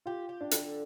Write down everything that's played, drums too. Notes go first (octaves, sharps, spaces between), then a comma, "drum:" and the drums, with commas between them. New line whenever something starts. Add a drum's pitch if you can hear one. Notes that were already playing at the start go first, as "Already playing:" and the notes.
F4 G4
G4
D4
D3, drum: hi-hat